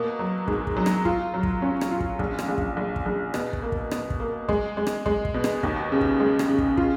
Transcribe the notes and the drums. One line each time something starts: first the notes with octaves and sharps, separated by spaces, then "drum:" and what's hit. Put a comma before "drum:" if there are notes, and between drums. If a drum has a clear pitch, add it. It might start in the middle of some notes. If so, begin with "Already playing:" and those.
Already playing: B2 A#3
F#3
G#2, drum: kick
drum: kick
F#3
drum: rim click
F4, drum: kick
F#3
drum: kick
C#4
drum: rim click
F4
drum: kick
A#1, drum: kick
drum: rim click
A#1
drum: kick
A#1
drum: kick
A#1
B2, drum: rim click
drum: kick
A#3
drum: kick
B2, drum: rim click
drum: kick
A#3
G#3, drum: kick
G#3
drum: rim click
G#3, drum: kick
drum: kick
B2
drum: rim click
D#2, drum: kick
C#3
drum: kick
G#3
drum: rim click
C#3
drum: kick
F4, drum: kick